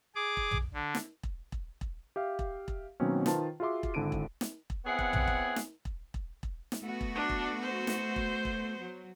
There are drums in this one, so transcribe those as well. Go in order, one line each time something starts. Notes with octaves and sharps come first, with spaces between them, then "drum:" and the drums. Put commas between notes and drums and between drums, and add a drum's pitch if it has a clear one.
G#4 D6
drum: kick E1
drum: tom
D3
drum: snare
drum: kick E1
drum: kick E1
drum: kick E1
G4 E5 F5
drum: kick E1
drum: kick E1
B2 D#3 F#3 A#3 C4 C#4
D#3 F4 B4 C5 A5, drum: snare
F4 F#4 G#4 E5 C6 D6
drum: kick E1
G#1 D3 D4 E4 D7 D#7
drum: kick E1
drum: snare
drum: kick E1
B3 C4 E4 G#4 C#5 F#5
drum: kick E1
drum: tom
drum: kick E1
drum: snare
drum: kick E1
drum: kick E1
drum: kick E1
drum: snare
A3 B3 F#4
drum: kick E1
D4
drum: kick E1
C5
drum: snare
drum: kick E1
drum: kick E1
F#3